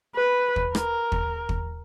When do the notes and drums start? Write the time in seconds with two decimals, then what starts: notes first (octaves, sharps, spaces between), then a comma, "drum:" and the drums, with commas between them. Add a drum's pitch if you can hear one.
0.16 B4
0.56 drum: kick
0.75 A#4, drum: rim click
1.12 drum: kick
1.49 drum: kick